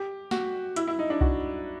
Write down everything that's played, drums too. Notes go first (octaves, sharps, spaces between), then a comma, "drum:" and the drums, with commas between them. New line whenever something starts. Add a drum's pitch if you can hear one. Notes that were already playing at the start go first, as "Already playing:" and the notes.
Already playing: G4
F#4, drum: snare
E4, drum: hi-hat
E4
D#4
D4
F#4, drum: kick B1